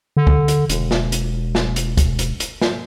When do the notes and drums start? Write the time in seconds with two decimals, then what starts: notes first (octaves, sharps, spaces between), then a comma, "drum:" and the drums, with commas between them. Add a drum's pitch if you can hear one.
0.17 D3
0.27 drum: kick
0.48 drum: hi-hat
0.70 E1, drum: hi-hat
0.91 drum: snare
1.12 drum: hi-hat
1.55 drum: snare
1.76 drum: hi-hat
1.97 drum: kick, hi-hat
2.19 drum: hi-hat
2.40 drum: hi-hat
2.61 drum: snare